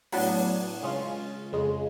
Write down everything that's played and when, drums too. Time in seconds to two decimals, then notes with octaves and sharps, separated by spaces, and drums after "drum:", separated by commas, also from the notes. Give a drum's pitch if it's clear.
0.12 A2 F#3 B3 D4, drum: open hi-hat
0.82 C#3 G#3 C#4 F4
1.52 F2 C#3 G#3